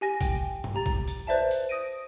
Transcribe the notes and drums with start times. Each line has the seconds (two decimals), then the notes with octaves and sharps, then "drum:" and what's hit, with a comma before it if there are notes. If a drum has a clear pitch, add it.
0.01 G4 G#5 A#6
0.21 G5, drum: kick, hi-hat
0.64 drum: tom
0.75 G4 A#5 A6
0.86 drum: kick
1.08 drum: hi-hat
1.27 B4 C5 D5 E5 A5
1.51 drum: hi-hat
1.69 D#6 A#6 D7 D#7